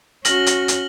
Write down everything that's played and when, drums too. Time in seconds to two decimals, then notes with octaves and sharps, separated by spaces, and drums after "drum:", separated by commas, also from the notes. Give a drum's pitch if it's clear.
0.25 C#4 F#4 F6 A#6 F#7, drum: hi-hat
0.46 drum: hi-hat
0.68 drum: hi-hat